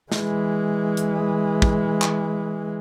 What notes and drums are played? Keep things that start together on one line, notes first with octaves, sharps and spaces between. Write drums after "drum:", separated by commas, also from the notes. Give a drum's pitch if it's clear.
E3 G#3, drum: snare
drum: hi-hat
drum: kick
drum: clap